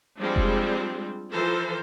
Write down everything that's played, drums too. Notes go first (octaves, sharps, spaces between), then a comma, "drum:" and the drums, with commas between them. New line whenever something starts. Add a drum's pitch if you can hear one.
F3 G3 G#3 C4 D4
drum: kick F1
E3 F3 F4 A4 A#4 C5